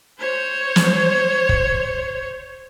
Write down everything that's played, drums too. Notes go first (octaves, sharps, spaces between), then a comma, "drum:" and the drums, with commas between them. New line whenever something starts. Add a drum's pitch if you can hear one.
C5 C#5
drum: snare
drum: kick